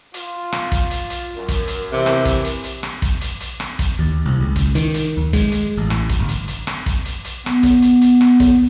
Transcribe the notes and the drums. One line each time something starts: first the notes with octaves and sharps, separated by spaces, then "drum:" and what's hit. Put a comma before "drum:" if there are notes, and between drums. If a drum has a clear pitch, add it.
F4, drum: hi-hat
drum: rim click
drum: kick, hi-hat
drum: hi-hat
drum: hi-hat
F#2 A#4
drum: kick, hi-hat
drum: hi-hat
C3 E3
drum: rim click
drum: kick, hi-hat
drum: hi-hat
drum: hi-hat
drum: rim click
drum: kick, hi-hat
drum: hi-hat
drum: hi-hat
drum: rim click
drum: kick, hi-hat
D#2
C2
C#2
drum: kick, hi-hat
D#3, drum: hi-hat
drum: hi-hat
D#2
G#3, drum: kick, hi-hat
drum: hi-hat
A1
drum: rim click
drum: kick, hi-hat
G1
drum: hi-hat
drum: hi-hat
drum: rim click
drum: kick, hi-hat
drum: hi-hat
drum: hi-hat
B3, drum: rim click
drum: kick, hi-hat
drum: hi-hat
drum: hi-hat
drum: rim click
drum: kick, hi-hat